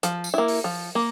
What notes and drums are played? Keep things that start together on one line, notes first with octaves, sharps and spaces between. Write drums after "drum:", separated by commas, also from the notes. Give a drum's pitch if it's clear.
F3, drum: hi-hat
drum: tambourine
A#3 E4
drum: open hi-hat
F3
A#3